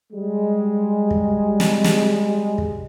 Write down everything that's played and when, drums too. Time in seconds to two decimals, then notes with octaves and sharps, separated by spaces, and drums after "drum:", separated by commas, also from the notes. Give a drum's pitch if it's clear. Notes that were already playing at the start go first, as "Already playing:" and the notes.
0.12 G3 G#3
1.11 drum: kick
1.60 drum: snare
1.84 drum: snare
2.58 drum: kick